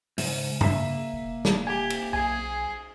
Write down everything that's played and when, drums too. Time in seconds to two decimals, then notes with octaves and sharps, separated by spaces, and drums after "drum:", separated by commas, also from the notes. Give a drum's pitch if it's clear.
0.18 G#2 C#3, drum: open hi-hat
0.61 A#3 E5, drum: tom G2
1.13 E1
1.45 drum: snare
1.67 G4 G#5
1.90 drum: cymbal
2.13 B1 G#4 G#5